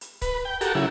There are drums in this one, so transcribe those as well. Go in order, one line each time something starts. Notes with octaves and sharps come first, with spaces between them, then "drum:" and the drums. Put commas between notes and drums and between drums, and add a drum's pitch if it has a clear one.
drum: hi-hat
B4, drum: kick C#1, hi-hat
G5
F#4 G4 A4 A#4, drum: hi-hat
C#3 F#3 E4